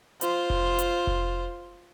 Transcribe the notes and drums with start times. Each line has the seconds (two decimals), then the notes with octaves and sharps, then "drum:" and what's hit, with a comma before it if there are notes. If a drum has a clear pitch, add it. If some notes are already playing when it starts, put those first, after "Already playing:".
0.21 F4 C5, drum: hi-hat
0.50 drum: kick F1
0.79 drum: hi-hat
1.07 drum: kick F1